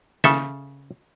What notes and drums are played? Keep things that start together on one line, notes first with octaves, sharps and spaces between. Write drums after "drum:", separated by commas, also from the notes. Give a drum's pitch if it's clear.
C#3 A4 E5, drum: snare